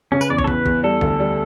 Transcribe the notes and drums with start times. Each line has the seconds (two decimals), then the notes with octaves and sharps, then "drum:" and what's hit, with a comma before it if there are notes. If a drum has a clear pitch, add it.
0.12 C#3 C#4
0.21 B4, drum: tambourine
0.29 E2 D5
0.38 C#5, drum: kick
0.44 A4
0.48 E2 B4, drum: kick
0.66 E2, drum: kick
0.83 G3 A4
1.01 D2, drum: kick
1.19 G3